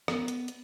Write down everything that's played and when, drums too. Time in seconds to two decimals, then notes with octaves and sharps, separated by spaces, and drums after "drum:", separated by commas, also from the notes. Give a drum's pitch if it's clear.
0.08 B3, drum: rim click
0.28 drum: hi-hat
0.48 drum: hi-hat